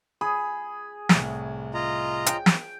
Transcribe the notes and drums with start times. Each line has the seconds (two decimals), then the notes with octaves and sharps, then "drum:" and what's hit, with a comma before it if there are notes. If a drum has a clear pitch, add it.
0.21 G#4 B5
1.09 C2 A2, drum: snare
1.74 F4 D#5 A#5
2.26 G5, drum: hi-hat
2.46 drum: snare